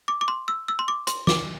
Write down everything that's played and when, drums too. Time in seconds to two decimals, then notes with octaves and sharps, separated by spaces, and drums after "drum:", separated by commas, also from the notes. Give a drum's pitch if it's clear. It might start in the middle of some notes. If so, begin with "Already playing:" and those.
0.08 D6
0.21 D6
0.28 C6
0.48 E6
0.68 E6
0.79 C6
0.88 D6
1.07 C6, drum: hi-hat
1.27 D6, drum: snare